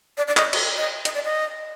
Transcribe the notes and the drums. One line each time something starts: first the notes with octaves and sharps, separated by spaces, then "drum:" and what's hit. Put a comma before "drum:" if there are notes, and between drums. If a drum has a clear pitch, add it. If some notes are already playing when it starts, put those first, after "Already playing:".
D5
D5
D#5, drum: clap
drum: cymbal
D#5
D#5, drum: hi-hat
D5
D#5